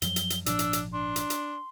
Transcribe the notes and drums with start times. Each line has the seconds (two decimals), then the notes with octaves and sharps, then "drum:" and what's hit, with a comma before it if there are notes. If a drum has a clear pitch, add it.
0.02 F#2 F3 F#3 G7, drum: hi-hat
0.16 drum: hi-hat
0.30 drum: hi-hat
0.46 G#1 A#2 F3 D4 E6, drum: hi-hat
0.59 drum: hi-hat
0.73 drum: hi-hat
0.93 D4 C6
1.16 drum: hi-hat
1.30 drum: hi-hat